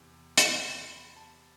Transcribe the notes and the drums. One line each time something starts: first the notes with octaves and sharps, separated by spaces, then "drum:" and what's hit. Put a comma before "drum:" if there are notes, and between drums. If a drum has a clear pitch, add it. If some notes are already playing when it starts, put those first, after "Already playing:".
Already playing: E2 C3
B5, drum: hi-hat
B5
C6
B5
A5